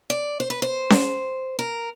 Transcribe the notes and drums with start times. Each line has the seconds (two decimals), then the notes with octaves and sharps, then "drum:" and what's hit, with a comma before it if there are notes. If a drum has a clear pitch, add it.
0.10 D5
0.40 C5
0.50 B4
0.62 C5
0.90 drum: snare C#4
1.59 A#4